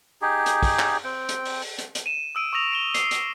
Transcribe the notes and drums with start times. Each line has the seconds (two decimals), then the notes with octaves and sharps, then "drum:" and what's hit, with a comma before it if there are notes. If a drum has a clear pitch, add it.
0.22 D#4 G4 G#4
0.46 drum: hi-hat
0.63 drum: kick, open hi-hat
0.79 drum: clap
1.04 C4 G5
1.29 drum: hi-hat
1.45 drum: open hi-hat
1.62 drum: open hi-hat
1.78 drum: hi-hat
1.95 drum: hi-hat
2.06 D#7 E7
2.35 D#6 E6 D7 D#7
2.53 C#6 D#6 E6 A#6 F7
2.72 D7 E7 G7
2.94 D6 C7, drum: hi-hat
3.11 drum: hi-hat